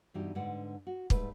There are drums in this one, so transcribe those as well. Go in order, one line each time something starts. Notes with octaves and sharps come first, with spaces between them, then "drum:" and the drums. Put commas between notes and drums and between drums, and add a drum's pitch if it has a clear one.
G2 B2 E3 D#4 F#4 G4
G#2 D3 B4 D5 F#5
F#4
G#2 G3 A3 G#4 B4, drum: kick